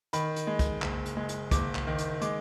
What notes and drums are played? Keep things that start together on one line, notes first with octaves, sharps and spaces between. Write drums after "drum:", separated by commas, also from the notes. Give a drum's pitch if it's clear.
D#3 B5, drum: hi-hat
drum: hi-hat
G#3
drum: kick, hi-hat
F#1, drum: clap
drum: hi-hat
G#3
drum: hi-hat
F#1 D6, drum: kick, hi-hat
drum: clap
D#3
drum: hi-hat
G#3 D6, drum: hi-hat